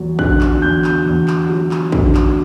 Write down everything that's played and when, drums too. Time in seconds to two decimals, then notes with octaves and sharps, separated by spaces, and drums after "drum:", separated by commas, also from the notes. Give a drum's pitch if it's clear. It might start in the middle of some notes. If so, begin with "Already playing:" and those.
Already playing: E2 F#3
0.19 D3 F#6, drum: kick
0.41 drum: clap
0.62 E2 G6
0.84 drum: clap
1.06 E2
1.28 drum: clap
1.49 F#3
1.71 drum: clap
1.92 D3, drum: kick
2.15 drum: clap